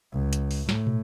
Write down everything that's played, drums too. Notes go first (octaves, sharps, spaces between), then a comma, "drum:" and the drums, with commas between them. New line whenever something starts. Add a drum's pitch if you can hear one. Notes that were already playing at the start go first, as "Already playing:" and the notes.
C#2
drum: hi-hat
drum: open hi-hat
A2, drum: snare
drum: tom